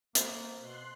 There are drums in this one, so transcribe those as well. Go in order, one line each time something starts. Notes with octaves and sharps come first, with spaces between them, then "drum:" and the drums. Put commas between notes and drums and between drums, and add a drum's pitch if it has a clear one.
A#3 C5, drum: hi-hat
B2 C6 F#6